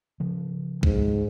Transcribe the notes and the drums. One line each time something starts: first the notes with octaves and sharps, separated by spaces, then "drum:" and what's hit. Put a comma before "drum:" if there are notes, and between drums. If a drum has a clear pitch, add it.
C#3 F3
E2 G#2, drum: kick B1